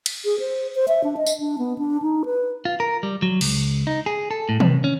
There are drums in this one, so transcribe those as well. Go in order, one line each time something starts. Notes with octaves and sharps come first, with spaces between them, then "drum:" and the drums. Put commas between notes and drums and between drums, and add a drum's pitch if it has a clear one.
drum: cymbal
G#4
C5
C5
E5
D4
D#5
drum: tambourine
D4
B3
D4
D#4
B4
F4
A#4
G3
F#3
C#2, drum: cymbal
D#4
G#4
A4
A2
C3, drum: tom D#3
C#4